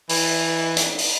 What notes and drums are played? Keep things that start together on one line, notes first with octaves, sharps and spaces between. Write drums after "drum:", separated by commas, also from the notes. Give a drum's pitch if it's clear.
E3, drum: open hi-hat
drum: hi-hat
drum: open hi-hat